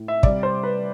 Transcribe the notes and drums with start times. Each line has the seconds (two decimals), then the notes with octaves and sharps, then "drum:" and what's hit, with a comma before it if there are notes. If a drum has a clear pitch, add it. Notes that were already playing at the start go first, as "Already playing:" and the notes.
Already playing: A2
0.08 E5
0.23 C3 G3 D5, drum: kick
0.43 C5
0.63 B4